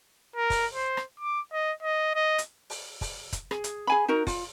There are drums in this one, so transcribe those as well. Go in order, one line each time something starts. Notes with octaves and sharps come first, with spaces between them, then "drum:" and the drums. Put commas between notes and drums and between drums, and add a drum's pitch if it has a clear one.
A#4
drum: kick, open hi-hat
C5
drum: rim click
D6
D#5
D#5
D#5
drum: hi-hat
drum: open hi-hat
drum: kick, open hi-hat
drum: kick, hi-hat
G#4, drum: rim click
drum: hi-hat
G#4 G#5 B5
D#4 F#4 A#4
F4, drum: kick, open hi-hat